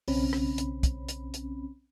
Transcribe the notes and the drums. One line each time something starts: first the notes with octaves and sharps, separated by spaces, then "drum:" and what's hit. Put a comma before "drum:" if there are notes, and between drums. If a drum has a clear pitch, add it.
B1 C#3 C4 C#4 B5, drum: open hi-hat
drum: rim click
drum: hi-hat
drum: kick, hi-hat
drum: hi-hat
drum: hi-hat